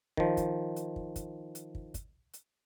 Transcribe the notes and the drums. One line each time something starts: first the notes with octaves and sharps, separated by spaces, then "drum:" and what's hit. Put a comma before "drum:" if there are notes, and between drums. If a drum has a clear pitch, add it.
D#3 F3, drum: kick
drum: kick, hi-hat
drum: hi-hat
drum: kick
drum: kick, hi-hat
drum: hi-hat
drum: kick
drum: kick, hi-hat
drum: hi-hat